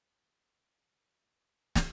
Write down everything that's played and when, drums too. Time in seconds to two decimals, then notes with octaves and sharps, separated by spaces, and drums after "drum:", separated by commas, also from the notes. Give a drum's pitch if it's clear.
0.09 C#5
0.33 G5
1.75 drum: snare